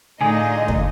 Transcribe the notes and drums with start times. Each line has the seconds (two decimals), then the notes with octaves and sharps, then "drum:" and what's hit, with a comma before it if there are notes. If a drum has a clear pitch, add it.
0.21 A2 D3 D4 D#4 F4 G#4 D#5 G#5
0.68 drum: kick